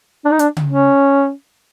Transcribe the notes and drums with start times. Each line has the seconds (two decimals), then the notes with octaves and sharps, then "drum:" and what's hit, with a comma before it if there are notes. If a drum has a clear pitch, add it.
0.25 D4
0.32 D#4
0.39 D4, drum: hi-hat
0.57 drum: tom C#3
0.67 C#4